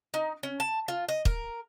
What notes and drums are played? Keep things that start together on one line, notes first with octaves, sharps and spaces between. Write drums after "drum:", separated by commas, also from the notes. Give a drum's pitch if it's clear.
D#4
C#4
A5
F4
D#5
A#4, drum: kick